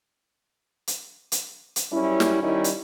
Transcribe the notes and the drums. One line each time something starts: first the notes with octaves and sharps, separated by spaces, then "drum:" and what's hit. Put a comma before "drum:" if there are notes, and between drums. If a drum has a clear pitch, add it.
drum: hi-hat
drum: hi-hat
drum: hi-hat
F#2 G3 C#4 E4
drum: snare
D#3 G3 C#4 D#4 E4
drum: hi-hat